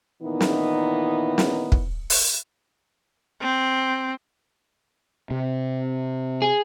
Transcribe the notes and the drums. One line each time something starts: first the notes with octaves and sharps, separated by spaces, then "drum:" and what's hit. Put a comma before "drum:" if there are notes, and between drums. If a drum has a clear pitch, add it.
A#2 D#3 E3 B3 D#4 E4
drum: snare
drum: snare
drum: kick
drum: open hi-hat
C4
C3
G#4